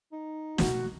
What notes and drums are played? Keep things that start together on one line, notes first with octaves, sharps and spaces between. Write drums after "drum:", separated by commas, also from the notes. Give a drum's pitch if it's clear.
D#4
B2 A3 F#4, drum: snare